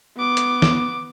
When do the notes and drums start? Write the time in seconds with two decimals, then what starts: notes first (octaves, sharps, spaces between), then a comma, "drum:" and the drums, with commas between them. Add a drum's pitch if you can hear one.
0.17 B3 D6
0.37 drum: hi-hat
0.62 drum: snare